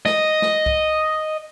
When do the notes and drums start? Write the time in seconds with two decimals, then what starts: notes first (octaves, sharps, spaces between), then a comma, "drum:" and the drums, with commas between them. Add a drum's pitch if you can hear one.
0.06 D#5, drum: snare
0.42 drum: snare
0.66 drum: kick C2